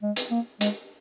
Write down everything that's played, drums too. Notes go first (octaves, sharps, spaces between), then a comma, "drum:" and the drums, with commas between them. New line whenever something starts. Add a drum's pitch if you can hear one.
G#3
drum: hi-hat
A#3
G#3, drum: hi-hat